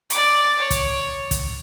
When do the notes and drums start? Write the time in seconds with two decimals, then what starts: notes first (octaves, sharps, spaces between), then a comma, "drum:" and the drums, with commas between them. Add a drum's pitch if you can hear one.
0.10 D5 D6, drum: hi-hat
0.59 C#5
0.70 drum: kick, hi-hat
1.31 drum: kick, hi-hat